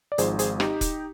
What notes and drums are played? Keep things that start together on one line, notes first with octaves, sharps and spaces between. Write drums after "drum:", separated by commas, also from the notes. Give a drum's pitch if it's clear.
D5
G#1 G#2 F3 G#4 C5, drum: hi-hat
G#4 C5, drum: hi-hat
D#4 G4, drum: rim click
drum: kick, hi-hat